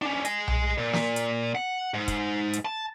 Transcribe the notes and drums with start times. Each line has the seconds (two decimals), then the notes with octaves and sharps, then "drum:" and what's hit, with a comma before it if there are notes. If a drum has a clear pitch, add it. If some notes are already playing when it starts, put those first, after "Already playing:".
0.02 C#4 D4
0.25 D#5 G#5, drum: hi-hat
0.48 drum: tom B1
0.78 A#2
0.93 drum: snare
1.16 drum: hi-hat
1.55 F#5
1.94 G#2
2.08 drum: kick, hi-hat
2.53 drum: hi-hat
2.65 A5